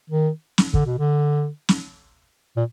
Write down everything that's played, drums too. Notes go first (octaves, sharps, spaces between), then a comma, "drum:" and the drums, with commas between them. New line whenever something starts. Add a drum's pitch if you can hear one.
D#3
drum: snare
D3, drum: kick
B2
D3
drum: snare
A#2